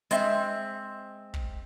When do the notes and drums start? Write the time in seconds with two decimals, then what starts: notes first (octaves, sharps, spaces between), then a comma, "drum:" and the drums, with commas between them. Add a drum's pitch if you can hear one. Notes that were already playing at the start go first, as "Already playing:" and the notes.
0.11 G#3 C4 E5, drum: hi-hat
1.34 drum: kick